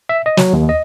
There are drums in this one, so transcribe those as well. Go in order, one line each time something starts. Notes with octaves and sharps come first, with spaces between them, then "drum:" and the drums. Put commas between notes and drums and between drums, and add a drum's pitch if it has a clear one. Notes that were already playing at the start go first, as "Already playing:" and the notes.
E5
D#5
F#3, drum: snare
D#2
D#5